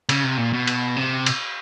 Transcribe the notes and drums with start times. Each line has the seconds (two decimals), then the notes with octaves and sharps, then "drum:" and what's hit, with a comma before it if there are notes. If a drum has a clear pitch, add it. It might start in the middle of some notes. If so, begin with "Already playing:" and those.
0.09 C#3, drum: cymbal
0.24 C3
0.38 A#2
0.53 B2
0.68 drum: cymbal
0.96 C3
1.26 drum: cymbal